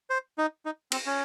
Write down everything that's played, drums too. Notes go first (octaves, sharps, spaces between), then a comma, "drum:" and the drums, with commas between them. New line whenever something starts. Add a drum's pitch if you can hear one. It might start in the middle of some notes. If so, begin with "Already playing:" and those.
C5
D#4
D#4
C4, drum: cymbal
C#4